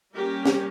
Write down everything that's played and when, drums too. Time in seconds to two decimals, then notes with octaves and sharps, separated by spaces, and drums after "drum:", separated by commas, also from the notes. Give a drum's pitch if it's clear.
0.15 G3 A#3 C#4 G4 A#4
0.46 drum: snare